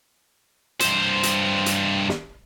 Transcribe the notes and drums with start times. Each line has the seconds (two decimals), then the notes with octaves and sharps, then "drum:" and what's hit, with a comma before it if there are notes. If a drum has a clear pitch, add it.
0.80 G2 C5, drum: hi-hat
1.23 drum: hi-hat
1.66 drum: hi-hat
2.09 drum: snare